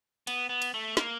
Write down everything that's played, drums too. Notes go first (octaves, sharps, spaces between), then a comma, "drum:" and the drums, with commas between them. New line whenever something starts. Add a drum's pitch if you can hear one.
B3, drum: cymbal
B3
drum: cymbal
A3
A#3, drum: snare